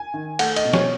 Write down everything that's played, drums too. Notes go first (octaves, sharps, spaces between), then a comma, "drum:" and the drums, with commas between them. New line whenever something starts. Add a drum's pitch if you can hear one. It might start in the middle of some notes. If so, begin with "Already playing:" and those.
Already playing: G#5
D#3
A3 F#5, drum: cymbal
D#5, drum: cymbal
B2
C#5, drum: snare